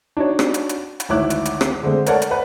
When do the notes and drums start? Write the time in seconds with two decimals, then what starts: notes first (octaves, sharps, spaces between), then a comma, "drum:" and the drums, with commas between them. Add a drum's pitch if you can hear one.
0.17 D4 D#4 F#4 C#5
0.39 drum: rim click
0.54 drum: hi-hat
0.69 drum: hi-hat
1.00 drum: hi-hat
1.09 G#1 D2 E4 C#5 D6 F#6
1.30 drum: hi-hat
1.45 drum: hi-hat
1.61 drum: rim click
1.83 D3 G#3 A3 C4
2.06 A4 A#4 C#5 D5 F#5 A5, drum: hi-hat
2.22 drum: hi-hat
2.31 B4 C5 F#5 B5